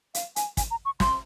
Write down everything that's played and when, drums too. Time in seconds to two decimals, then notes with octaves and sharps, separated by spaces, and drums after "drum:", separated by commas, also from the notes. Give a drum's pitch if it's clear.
0.15 F5, drum: hi-hat
0.36 G#5, drum: hi-hat
0.57 G#5, drum: kick, hi-hat
0.71 A#5
0.85 C#6
1.00 C6, drum: snare